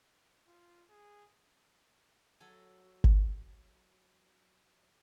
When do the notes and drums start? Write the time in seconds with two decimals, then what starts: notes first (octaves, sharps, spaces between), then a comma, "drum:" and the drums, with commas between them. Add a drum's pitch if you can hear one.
0.47 F4
0.90 G#4
2.40 F#3 F#4 A4 G#5
3.04 drum: kick G1